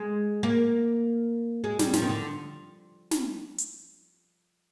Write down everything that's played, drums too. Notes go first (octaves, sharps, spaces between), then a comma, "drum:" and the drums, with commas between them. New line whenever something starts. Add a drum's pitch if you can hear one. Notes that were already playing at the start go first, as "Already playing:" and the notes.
Already playing: G#3
A#3
G#3
G3, drum: snare
F3, drum: snare
D#3
D3
drum: snare
drum: hi-hat